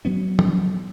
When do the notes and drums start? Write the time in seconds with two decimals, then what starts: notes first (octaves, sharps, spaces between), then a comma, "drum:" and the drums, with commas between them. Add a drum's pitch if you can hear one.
0.05 F#3 B3 C#4
0.39 drum: tom